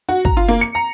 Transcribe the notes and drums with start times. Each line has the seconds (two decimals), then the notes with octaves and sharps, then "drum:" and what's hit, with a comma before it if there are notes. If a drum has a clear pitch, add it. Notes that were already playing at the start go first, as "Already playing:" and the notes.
0.09 F#4
0.25 A#5, drum: kick
0.37 F4
0.48 A#3
0.61 C#7
0.75 A#5